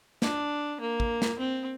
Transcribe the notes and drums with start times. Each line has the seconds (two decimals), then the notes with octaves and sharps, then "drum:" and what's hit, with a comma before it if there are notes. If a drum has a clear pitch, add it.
0.22 D4, drum: snare
0.80 A#3
1.00 drum: kick
1.22 drum: snare
1.39 C4